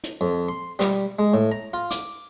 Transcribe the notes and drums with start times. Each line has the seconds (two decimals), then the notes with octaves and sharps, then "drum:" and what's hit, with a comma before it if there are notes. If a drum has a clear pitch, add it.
0.04 drum: hi-hat
0.21 F2
0.48 C6
0.79 G3, drum: rim click
1.19 G#3
1.34 A2
1.52 A#5
1.73 F4
1.91 D6, drum: hi-hat